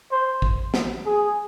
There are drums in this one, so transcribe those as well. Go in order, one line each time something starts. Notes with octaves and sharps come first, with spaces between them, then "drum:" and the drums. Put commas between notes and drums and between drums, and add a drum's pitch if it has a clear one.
C5
drum: kick
drum: snare
G#4